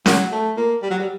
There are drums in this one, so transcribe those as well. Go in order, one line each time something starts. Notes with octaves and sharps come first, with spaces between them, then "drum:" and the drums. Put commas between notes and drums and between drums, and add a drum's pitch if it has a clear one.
F#3, drum: snare C#4
A3
A#3
G3
F#3
G3